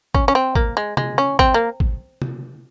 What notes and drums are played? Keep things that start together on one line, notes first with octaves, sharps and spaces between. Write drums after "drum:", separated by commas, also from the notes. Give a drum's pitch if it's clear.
C#4, drum: kick
C#4
C4
A#3, drum: kick
G#3
G#3, drum: tom C3
C#4
C4, drum: kick
A#3
drum: kick
drum: tom C3